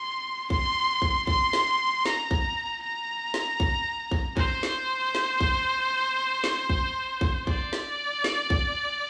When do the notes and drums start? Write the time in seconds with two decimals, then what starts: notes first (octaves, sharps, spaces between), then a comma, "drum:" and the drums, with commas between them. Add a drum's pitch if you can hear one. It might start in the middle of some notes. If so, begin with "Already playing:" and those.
Already playing: C6
0.50 C6, drum: kick
1.02 drum: kick
1.27 C6, drum: kick
1.53 drum: snare
2.06 A#5, drum: snare
2.31 drum: kick
2.83 A#5
3.34 drum: snare
3.60 drum: kick
4.11 drum: kick
4.37 C5, drum: kick
4.63 drum: snare
5.15 drum: snare
5.40 drum: kick
6.44 drum: snare
6.70 drum: kick
7.21 drum: kick
7.47 D5, drum: kick
7.73 drum: snare
8.24 drum: snare
8.50 drum: kick